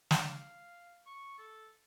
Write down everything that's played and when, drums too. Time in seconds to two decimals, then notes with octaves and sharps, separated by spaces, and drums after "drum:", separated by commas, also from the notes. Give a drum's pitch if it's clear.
0.11 drum: snare
0.21 F5
1.06 C#6
1.38 A4